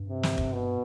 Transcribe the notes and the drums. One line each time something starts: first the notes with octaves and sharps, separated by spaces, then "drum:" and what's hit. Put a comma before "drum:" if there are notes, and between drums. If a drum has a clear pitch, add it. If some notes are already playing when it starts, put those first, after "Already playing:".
Already playing: G2
C3
drum: snare
drum: kick
B2